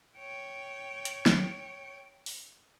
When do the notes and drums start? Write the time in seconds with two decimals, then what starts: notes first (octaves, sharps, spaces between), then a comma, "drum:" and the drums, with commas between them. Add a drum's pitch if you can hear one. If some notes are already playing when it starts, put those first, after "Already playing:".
0.18 C#5 G5
1.05 drum: hi-hat
1.26 drum: snare
2.26 drum: open hi-hat